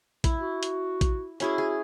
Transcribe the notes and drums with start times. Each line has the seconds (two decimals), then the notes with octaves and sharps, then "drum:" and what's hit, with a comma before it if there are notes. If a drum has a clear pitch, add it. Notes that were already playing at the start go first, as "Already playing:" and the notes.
0.24 E4, drum: kick, hi-hat
0.39 F#4
0.63 drum: hi-hat
1.01 drum: kick, hi-hat
1.40 C#4 E4 F#4 G#4, drum: hi-hat
1.58 G#4